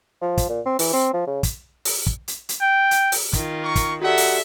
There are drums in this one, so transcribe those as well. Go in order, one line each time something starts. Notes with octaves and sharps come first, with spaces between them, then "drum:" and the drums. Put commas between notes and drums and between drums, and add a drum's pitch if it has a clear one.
F3
drum: kick, hi-hat
A#2
C4
E3, drum: open hi-hat
C4
F3
C#3
drum: kick, hi-hat
drum: open hi-hat
drum: kick
drum: hi-hat
drum: hi-hat
G5
drum: hi-hat
drum: open hi-hat
D#3 F4, drum: kick, hi-hat
A#4 C#6
drum: kick, hi-hat
D#4 F#4 G4 A4 D5 E5 F#5
drum: open hi-hat